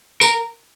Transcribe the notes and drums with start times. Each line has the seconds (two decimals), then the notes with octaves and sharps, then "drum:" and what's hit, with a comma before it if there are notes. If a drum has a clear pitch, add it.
0.21 A#4, drum: tambourine